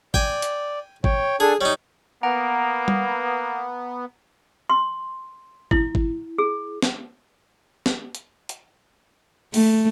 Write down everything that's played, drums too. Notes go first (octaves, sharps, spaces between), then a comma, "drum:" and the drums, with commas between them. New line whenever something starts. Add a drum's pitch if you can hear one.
D5 G5 G#5, drum: kick G#1
drum: hi-hat
C#5 G5, drum: kick G#1
D4 G#4 A4 G#5
G3 D#4 C#5
A#3 B3 F#5 A#5 D7
drum: tom G3
C6
E4, drum: kick G#1
drum: kick G#1
G#4
drum: snare
drum: snare
drum: hi-hat
drum: hi-hat
A3, drum: open hi-hat